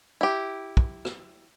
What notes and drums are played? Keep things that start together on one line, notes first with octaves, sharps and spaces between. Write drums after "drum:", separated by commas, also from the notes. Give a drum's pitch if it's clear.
E4 G4
drum: kick
drum: rim click